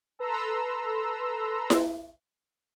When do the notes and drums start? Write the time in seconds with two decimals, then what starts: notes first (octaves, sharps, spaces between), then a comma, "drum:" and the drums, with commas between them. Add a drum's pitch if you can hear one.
0.19 A4 B4 A#5 C6 E6
1.70 drum: snare E4